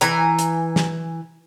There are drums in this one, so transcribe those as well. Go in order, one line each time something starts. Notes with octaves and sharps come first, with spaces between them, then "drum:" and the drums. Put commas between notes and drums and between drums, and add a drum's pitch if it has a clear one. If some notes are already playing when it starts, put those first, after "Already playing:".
E3 G#5 A#5, drum: hi-hat
drum: hi-hat
drum: snare